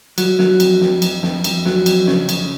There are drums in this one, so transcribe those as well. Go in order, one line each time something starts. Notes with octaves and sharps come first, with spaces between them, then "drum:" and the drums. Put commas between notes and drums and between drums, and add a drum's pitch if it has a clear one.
F#3, drum: cymbal
F#3, drum: snare
F2, drum: cymbal
F2, drum: snare
F2, drum: cymbal
F2, drum: snare
F2, drum: cymbal
F#3, drum: snare
F2, drum: cymbal
C#3, drum: snare
C#3, drum: cymbal